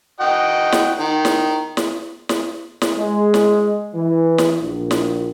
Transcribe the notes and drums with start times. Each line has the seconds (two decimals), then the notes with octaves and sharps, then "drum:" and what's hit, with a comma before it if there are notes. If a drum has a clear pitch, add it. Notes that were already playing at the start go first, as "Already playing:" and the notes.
0.20 F#4 D#5 G5
0.72 drum: snare
0.99 D#3
1.25 drum: snare
1.77 drum: snare
2.29 drum: snare
2.82 drum: snare
2.97 G#3
3.34 drum: snare
3.95 E3
4.38 drum: snare
4.62 A#1
4.91 drum: snare